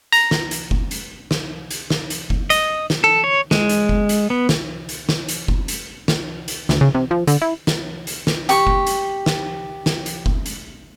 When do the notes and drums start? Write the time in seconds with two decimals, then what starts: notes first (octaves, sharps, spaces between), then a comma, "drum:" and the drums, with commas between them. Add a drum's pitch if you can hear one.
0.12 A#5, drum: hi-hat
0.31 drum: snare
0.51 drum: hi-hat
0.71 drum: kick F#1
0.91 drum: hi-hat
1.31 drum: snare
1.71 drum: hi-hat
1.90 drum: snare
2.10 drum: hi-hat
2.30 drum: kick F#1
2.50 D#5, drum: hi-hat
2.90 drum: snare
3.04 A4
3.24 C#5
3.51 G#3, drum: snare
3.69 drum: hi-hat
3.89 drum: kick F#1
4.09 drum: hi-hat
4.30 B3
4.49 drum: snare
4.89 drum: hi-hat
5.09 drum: snare
5.29 drum: hi-hat
5.48 drum: kick F#1
5.68 drum: hi-hat
6.08 drum: snare
6.48 drum: hi-hat
6.69 D2, drum: snare
6.81 C#3
6.95 C3
7.11 F3
7.27 D3, drum: hi-hat
7.42 E4
7.67 drum: snare
8.07 drum: hi-hat
8.27 drum: snare
8.49 G4 C#6, drum: hi-hat
8.67 drum: kick F#1
8.87 drum: hi-hat
9.26 drum: snare
9.86 drum: snare
10.06 drum: hi-hat
10.26 drum: kick F#1
10.46 drum: hi-hat